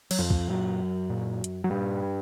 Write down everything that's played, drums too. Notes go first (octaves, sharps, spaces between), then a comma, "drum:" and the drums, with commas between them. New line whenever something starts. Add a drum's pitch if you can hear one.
F#3, drum: cymbal
F2 F3
drum: kick
F#2 A#2 F#3
A#2
drum: hi-hat
F#3
G2 A#2 G3